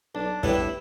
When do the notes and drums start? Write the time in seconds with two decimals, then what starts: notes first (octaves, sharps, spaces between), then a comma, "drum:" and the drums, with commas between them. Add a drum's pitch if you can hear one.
0.15 B1 D4
0.43 A2 G3 B3 D4 E4, drum: kick